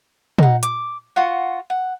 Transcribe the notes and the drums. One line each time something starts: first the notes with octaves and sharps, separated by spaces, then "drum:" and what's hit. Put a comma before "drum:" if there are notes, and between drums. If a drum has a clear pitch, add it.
D#4 F#5, drum: tom
D6, drum: hi-hat
F4 F#4 F#5
F#5